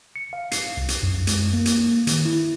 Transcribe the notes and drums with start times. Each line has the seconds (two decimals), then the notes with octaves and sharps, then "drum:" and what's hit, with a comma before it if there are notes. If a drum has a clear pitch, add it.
0.16 C#7
0.33 F5
0.51 C7, drum: hi-hat
0.77 C2
0.88 drum: hi-hat
1.03 F#2
1.27 G#3, drum: hi-hat
1.54 A#3
1.66 drum: hi-hat
2.07 D#3, drum: hi-hat
2.25 E4